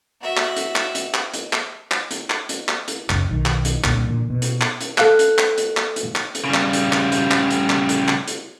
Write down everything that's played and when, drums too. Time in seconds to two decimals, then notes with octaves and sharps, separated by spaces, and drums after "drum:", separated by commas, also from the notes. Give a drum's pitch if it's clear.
0.21 F#4 E5
0.37 drum: clap
0.56 drum: hi-hat
0.76 drum: clap
0.95 drum: hi-hat
1.14 drum: clap
1.34 drum: hi-hat
1.53 drum: clap
1.91 drum: clap
2.11 drum: hi-hat
2.30 drum: clap
2.49 drum: hi-hat
2.68 drum: clap
2.88 drum: hi-hat
3.10 F#1 C#2, drum: clap
3.31 B1 D#3
3.46 drum: clap
3.65 drum: hi-hat
3.84 C2 A#2 D3, drum: clap
4.09 A#2 D3 F3
4.30 B2
4.42 drum: hi-hat
4.61 drum: clap
4.81 drum: hi-hat
4.98 A4 F5 F#6, drum: clap
5.19 drum: hi-hat
5.38 drum: clap
5.58 drum: hi-hat
5.77 drum: clap
5.96 drum: hi-hat
6.16 drum: clap
6.35 drum: hi-hat
6.45 C#3 G3
6.54 drum: clap
6.73 drum: hi-hat
6.93 drum: clap
7.12 drum: hi-hat
7.31 drum: clap
7.50 drum: hi-hat
7.70 drum: clap
7.89 drum: hi-hat
8.08 drum: clap
8.28 drum: hi-hat